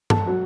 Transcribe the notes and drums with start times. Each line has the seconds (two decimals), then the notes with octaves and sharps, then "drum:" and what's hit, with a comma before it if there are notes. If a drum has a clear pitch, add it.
0.10 A4, drum: tom G2
0.26 F#3 F#4